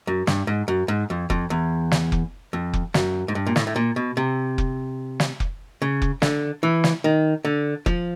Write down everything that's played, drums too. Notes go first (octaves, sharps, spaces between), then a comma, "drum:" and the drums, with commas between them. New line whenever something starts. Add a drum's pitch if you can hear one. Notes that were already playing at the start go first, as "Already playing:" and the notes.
F#2
G2, drum: snare
G#2
F#2
G#2
F2
F2, drum: kick F1
E2
drum: snare
drum: kick F1
F2
drum: kick F1
F#2, drum: snare
G#2
G2
A#2
A2, drum: snare
A2
A#2
B2
C3
drum: kick F1
drum: snare
drum: kick F1
C#3
drum: kick F1
D3, drum: snare
E3
drum: snare
D#3
D3
F3, drum: kick F1